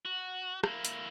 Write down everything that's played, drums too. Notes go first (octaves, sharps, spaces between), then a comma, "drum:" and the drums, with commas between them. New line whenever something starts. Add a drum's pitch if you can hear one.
F#4
A#3 E4, drum: rim click
drum: hi-hat